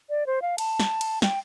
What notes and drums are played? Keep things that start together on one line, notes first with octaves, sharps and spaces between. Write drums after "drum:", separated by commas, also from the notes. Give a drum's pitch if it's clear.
D5
C5
F5
A5, drum: cymbal
drum: snare
drum: cymbal
G5, drum: snare